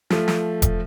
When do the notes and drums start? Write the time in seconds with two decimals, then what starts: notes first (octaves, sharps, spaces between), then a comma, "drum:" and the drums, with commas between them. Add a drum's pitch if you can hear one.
0.10 F3 A3, drum: snare
0.28 drum: snare
0.62 drum: kick E1, hi-hat